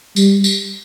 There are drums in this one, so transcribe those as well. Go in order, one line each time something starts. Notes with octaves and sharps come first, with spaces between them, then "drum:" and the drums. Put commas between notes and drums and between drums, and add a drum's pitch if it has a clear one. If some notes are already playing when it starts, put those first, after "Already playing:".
G3, drum: tambourine
drum: tambourine